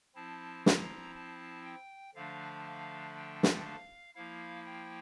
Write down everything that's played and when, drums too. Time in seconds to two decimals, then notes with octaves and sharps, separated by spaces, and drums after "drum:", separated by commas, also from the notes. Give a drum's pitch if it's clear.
0.15 F3 C4 E4 A5
0.66 A#5, drum: snare
1.15 A5
1.65 G5
2.15 D3 F3 A3 D4 F5
2.66 F5
3.16 G5
3.43 drum: snare
3.65 F5
4.15 F3 A#3 E4 F5
4.65 G5